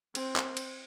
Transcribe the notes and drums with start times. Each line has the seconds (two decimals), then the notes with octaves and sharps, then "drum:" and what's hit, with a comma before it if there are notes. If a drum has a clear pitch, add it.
0.15 C4, drum: cymbal
0.36 drum: clap
0.57 drum: cymbal